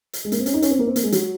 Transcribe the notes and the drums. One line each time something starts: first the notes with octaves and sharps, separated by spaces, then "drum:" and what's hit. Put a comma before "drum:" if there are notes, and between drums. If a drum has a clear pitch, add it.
drum: hi-hat
G#3
A#3, drum: hi-hat
C4
C#4, drum: hi-hat
D#4
C#4, drum: hi-hat
C4
A#3
C4
A#3, drum: hi-hat
G#3
F#3, drum: hi-hat